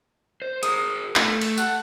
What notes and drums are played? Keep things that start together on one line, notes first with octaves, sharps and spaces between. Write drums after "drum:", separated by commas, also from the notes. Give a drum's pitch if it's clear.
C5
G#4 A#4 D#6, drum: hi-hat
A3, drum: clap
drum: cymbal
A4 F#5, drum: tambourine